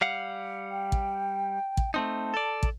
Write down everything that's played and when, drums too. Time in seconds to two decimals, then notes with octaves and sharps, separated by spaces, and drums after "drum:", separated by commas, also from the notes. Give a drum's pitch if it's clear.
0.01 G3 F5 F#5
0.71 G5
0.92 drum: kick
1.77 drum: kick
1.94 A3 C4 D#4 A5
2.34 A4 D5
2.63 drum: kick